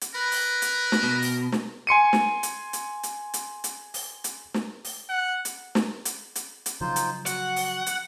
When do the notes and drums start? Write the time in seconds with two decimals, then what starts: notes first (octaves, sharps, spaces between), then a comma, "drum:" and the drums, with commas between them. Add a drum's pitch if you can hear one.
0.01 drum: hi-hat
0.14 A#4 B4 B5
0.32 drum: open hi-hat
0.62 drum: hi-hat
0.92 drum: snare
1.03 B2
1.22 drum: open hi-hat
1.52 drum: snare
1.87 G#5 C6 C#7 D#7
2.13 drum: snare
2.43 drum: hi-hat
2.73 drum: hi-hat
3.03 drum: hi-hat
3.34 drum: hi-hat
3.64 drum: hi-hat
3.94 drum: open hi-hat
4.24 drum: hi-hat
4.54 drum: snare
4.85 drum: open hi-hat
5.09 F#5
5.45 drum: hi-hat
5.75 drum: snare
6.05 drum: hi-hat
6.35 drum: hi-hat
6.66 drum: hi-hat
6.81 C#3 F3 F#3 D#4 F4 C5
6.96 drum: hi-hat
7.26 F#4 F#5, drum: hi-hat
7.56 drum: open hi-hat
7.86 drum: hi-hat